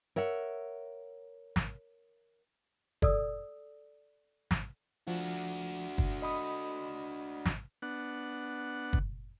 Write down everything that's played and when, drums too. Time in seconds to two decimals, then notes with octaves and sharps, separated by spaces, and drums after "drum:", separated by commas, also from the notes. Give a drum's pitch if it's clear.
0.16 A#4 C#5 E5 F#5
1.56 drum: snare
3.02 A4 D5 D#6 E6, drum: kick
4.51 drum: snare
5.07 F3 D4 F#4
5.98 drum: kick
6.22 D#5 B5 D#6
7.46 drum: snare
7.82 B3 D4 F#5
8.93 drum: kick